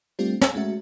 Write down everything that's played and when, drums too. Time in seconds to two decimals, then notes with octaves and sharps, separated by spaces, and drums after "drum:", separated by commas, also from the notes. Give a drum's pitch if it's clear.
0.19 G3 A3 C4 D4 F4 G4
0.41 G#5 E6, drum: snare
0.55 G#3 A3 C#4 F#4 E5